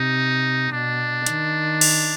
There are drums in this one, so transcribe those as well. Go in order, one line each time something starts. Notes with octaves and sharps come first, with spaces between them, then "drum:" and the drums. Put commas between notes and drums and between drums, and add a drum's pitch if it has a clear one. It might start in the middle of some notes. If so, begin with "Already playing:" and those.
Already playing: C3 D#4
B2 D4
D#3, drum: hi-hat
drum: cymbal